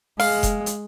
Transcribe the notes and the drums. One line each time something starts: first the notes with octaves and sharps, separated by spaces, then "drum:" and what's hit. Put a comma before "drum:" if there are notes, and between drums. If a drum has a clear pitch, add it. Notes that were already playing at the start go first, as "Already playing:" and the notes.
G#3 F5, drum: open hi-hat
drum: kick F1, hi-hat
drum: hi-hat